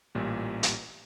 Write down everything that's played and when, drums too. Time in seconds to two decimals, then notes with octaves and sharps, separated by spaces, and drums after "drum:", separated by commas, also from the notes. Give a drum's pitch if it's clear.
0.15 A1 A#2 G3
0.63 drum: hi-hat